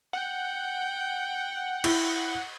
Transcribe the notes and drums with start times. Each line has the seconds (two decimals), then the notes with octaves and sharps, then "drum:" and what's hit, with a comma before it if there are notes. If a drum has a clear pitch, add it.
0.13 F#5 G5
1.84 E4, drum: cymbal